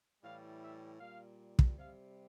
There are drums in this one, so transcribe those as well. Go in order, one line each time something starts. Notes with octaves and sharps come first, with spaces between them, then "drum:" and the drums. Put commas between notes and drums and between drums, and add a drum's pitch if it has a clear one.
A2 E3 G3 F5
E5
A#2 G3 F5
drum: kick
C3 G3 F5